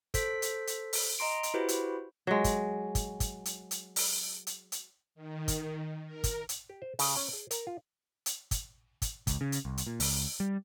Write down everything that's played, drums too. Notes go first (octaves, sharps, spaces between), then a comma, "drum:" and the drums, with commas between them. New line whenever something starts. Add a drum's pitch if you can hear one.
A4 C5 B6, drum: kick, hi-hat
drum: hi-hat
drum: hi-hat
drum: open hi-hat
D#5 A#5 C6 D7
drum: hi-hat
E4 F#4 G4 B4 C5
drum: hi-hat
F#3 G#3
drum: kick, hi-hat
drum: kick, hi-hat
drum: kick, hi-hat
drum: hi-hat
drum: hi-hat
drum: open hi-hat
drum: hi-hat
drum: hi-hat
D#3
drum: kick, hi-hat
A#4
drum: kick, hi-hat
drum: hi-hat
G4
C5
C#3, drum: open hi-hat
C#4
G#4
A#4, drum: hi-hat
F4
drum: hi-hat
drum: kick, hi-hat
drum: kick, hi-hat
C#2, drum: kick, hi-hat
C#3
drum: hi-hat
C2
drum: hi-hat
A#2
C#2, drum: open hi-hat
G3